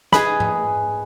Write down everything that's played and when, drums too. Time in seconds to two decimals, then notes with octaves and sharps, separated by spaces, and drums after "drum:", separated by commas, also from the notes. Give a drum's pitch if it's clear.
0.12 G#4 B4 D#5 G#5 B5, drum: snare
0.40 drum: tom G#2